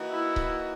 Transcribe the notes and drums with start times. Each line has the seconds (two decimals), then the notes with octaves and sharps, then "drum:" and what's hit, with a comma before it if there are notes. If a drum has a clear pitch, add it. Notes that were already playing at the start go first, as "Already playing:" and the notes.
Already playing: E3 A#3 D#4 F#4
0.11 E4
0.36 drum: kick C#1